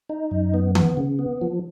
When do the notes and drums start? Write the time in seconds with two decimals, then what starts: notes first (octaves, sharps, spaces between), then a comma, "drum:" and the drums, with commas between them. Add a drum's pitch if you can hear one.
0.09 D#4
0.31 F#2
0.54 B3
0.75 B3, drum: tom D#3
0.97 C#3
1.19 B3
1.41 F3